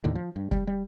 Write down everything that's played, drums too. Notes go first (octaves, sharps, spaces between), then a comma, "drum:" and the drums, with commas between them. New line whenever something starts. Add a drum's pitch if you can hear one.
D#2 A2 D3 D#3
F3
G2
G3, drum: kick
G3